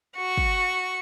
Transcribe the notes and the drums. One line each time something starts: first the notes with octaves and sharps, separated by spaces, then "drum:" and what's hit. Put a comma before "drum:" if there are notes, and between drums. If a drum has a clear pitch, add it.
F#4 C#6
drum: kick